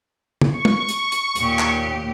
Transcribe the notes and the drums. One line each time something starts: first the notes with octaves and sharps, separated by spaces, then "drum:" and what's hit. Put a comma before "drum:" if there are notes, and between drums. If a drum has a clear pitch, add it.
drum: tom
C#6
drum: tom
drum: hi-hat
drum: hi-hat
D#2 A#2 G4, drum: hi-hat
drum: clap